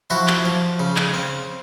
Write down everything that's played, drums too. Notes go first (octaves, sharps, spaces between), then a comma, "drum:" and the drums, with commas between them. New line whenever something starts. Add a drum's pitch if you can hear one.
F3 E4 F#4
drum: clap
F3
C#3
drum: clap
C4